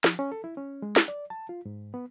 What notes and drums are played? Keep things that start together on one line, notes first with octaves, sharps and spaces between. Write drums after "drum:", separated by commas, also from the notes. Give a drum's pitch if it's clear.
F3, drum: snare
C#4
A4
E4
C#4
G#3
drum: snare
D5
A5
F4
G#2
B3